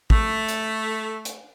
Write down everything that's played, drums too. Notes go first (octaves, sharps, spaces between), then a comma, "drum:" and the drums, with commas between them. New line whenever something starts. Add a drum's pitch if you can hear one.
A3, drum: kick
drum: hi-hat
drum: hi-hat